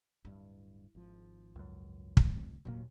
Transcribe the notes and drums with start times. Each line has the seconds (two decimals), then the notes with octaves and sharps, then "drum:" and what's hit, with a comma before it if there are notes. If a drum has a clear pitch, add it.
0.25 D1 G2 E4
0.95 G#1 F3
1.56 C#2 F#2
2.17 drum: kick
2.36 D1 C2 F2
2.65 F1 D#2 A#2 F#3 A#3